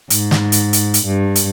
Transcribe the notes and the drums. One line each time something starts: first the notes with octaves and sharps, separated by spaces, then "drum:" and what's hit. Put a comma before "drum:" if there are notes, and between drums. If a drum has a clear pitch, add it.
G#2, drum: hi-hat
drum: snare
drum: hi-hat
drum: hi-hat
drum: hi-hat
G2
drum: hi-hat